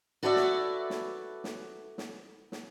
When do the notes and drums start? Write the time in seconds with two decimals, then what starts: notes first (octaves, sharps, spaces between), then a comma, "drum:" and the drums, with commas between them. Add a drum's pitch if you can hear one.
0.23 F#4 A4 B4 C#5 D5 E5
0.36 drum: snare
0.90 drum: snare
1.44 drum: snare
1.98 drum: snare
2.52 drum: snare